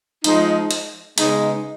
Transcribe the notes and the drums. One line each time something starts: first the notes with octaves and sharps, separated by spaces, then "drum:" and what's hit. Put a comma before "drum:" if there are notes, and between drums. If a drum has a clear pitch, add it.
F3 G#3 D#4, drum: hi-hat
drum: hi-hat
C#3 G#3 B3 D#4, drum: hi-hat